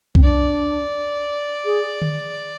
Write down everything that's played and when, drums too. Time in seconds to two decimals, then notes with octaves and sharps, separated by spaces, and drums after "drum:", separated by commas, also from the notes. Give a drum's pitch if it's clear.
0.15 C4, drum: kick B1
0.23 D4 D5
1.65 G#4
2.02 drum: tom D3